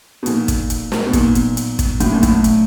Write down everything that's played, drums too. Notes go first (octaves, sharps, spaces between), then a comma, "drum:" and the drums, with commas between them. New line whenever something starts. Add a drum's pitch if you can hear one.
B2
A#2 F3 A#3 D#4 F#4 A4, drum: hi-hat
drum: kick, hi-hat
drum: hi-hat
drum: snare
B2
A#2 F#3 B3 D#4, drum: kick, hi-hat
drum: hi-hat
drum: hi-hat
drum: kick, hi-hat
A2 F#3 A3 C#4 F#4, drum: hi-hat
A#2
A2, drum: kick, hi-hat
drum: hi-hat